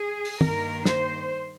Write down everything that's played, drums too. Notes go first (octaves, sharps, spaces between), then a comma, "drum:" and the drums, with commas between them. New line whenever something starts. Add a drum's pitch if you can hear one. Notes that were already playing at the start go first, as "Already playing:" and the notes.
Already playing: G#4
drum: open hi-hat
G2 D#3 A#3 A#4, drum: tom
C5, drum: snare